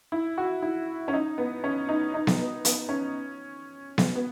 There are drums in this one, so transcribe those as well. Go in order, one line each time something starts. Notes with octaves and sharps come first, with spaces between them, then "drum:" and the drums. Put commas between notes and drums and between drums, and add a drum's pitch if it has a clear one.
E4
F#4
E4
C#4
D#4
B3
C#4
D#4
D#4
drum: snare B3
B3
B3, drum: hi-hat
C#4
drum: snare B3
B3